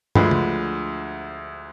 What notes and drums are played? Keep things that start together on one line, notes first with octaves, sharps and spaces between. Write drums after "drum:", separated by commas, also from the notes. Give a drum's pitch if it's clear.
D2 D3 F3 G#3 B4, drum: tom
drum: tom C#3